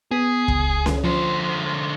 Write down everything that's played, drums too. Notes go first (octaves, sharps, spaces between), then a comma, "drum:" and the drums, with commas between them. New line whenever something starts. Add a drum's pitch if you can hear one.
B3 G#4 B6
C#2, drum: kick
drum: snare C#4
D3 F3 C5